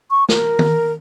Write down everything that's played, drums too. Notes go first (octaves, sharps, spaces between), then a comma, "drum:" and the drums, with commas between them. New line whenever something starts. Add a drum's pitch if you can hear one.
C#6
A#4, drum: snare
drum: tom